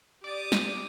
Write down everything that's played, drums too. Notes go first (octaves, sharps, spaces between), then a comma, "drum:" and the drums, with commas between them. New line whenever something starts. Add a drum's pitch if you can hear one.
G4 D5 D6 D#6
drum: snare